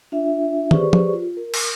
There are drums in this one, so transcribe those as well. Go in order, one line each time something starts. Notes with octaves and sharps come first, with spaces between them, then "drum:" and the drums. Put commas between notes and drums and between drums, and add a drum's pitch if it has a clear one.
D4 F4 E5
G4 G#4 B4 C5 D5 C#6, drum: tom
drum: tom F3
F4
A#4
drum: cymbal